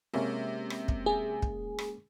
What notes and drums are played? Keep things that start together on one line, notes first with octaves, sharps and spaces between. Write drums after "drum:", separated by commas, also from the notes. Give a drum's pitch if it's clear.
C3 G#3 A#3 C#4
drum: rim click
drum: kick
G#4
drum: kick
drum: rim click